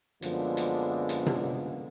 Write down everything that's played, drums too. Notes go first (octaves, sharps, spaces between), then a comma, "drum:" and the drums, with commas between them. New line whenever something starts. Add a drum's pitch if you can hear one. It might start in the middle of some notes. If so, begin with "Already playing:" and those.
F#2 D3 F3 G#3 A#3 B3, drum: hi-hat
drum: hi-hat
drum: hi-hat
drum: tom C3